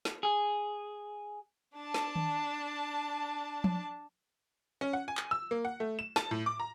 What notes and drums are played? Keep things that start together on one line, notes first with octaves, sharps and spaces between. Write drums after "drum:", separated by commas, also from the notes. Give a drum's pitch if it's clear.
drum: snare
G#4
D4 A5
drum: snare
drum: tom D#3
drum: tom F3
C#4
F#5
G#5
drum: clap
E6
A#3
F#5
A3
E7
A5, drum: snare
A2
D6
A#5